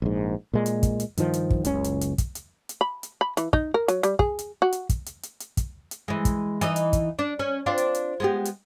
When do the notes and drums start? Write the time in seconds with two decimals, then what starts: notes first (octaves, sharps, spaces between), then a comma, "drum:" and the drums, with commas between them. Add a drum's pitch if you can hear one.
0.02 A#1 G#2
0.53 A#2 G#3
0.66 drum: hi-hat
0.83 drum: kick, hi-hat
1.00 drum: hi-hat
1.17 G2 D#3 F3, drum: hi-hat
1.34 drum: hi-hat
1.50 drum: kick
1.65 F#1 C#2 C#4, drum: hi-hat
1.84 drum: hi-hat
2.01 drum: hi-hat
2.18 drum: kick, hi-hat
2.35 drum: hi-hat
2.69 drum: hi-hat
2.81 B5
3.03 drum: hi-hat
3.21 B5
3.37 E3, drum: hi-hat
3.53 D#4, drum: kick
3.74 A#4
3.88 F#3, drum: hi-hat
4.03 G3, drum: hi-hat
4.19 G#4, drum: kick
4.39 drum: hi-hat
4.62 F#4
4.73 drum: hi-hat
4.89 drum: kick, hi-hat
5.06 drum: hi-hat
5.23 drum: hi-hat
5.40 drum: hi-hat
5.57 drum: kick, hi-hat
5.91 drum: hi-hat
6.08 E3 G#3
6.25 drum: kick, hi-hat
6.61 E3 D#4 D#5, drum: hi-hat
6.76 drum: hi-hat
6.93 drum: kick, hi-hat
7.19 D4
7.39 C#4
7.66 C4 D4 F4
7.78 drum: hi-hat
7.95 drum: hi-hat
8.20 G#3 B3 G4
8.45 drum: hi-hat